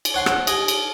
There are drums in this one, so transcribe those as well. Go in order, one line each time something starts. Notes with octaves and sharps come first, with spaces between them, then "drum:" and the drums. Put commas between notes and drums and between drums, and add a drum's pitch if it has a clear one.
drum: cymbal
C5 C#5 F#5 C6
drum: rim click
G4 D#5 G#5, drum: cymbal
drum: cymbal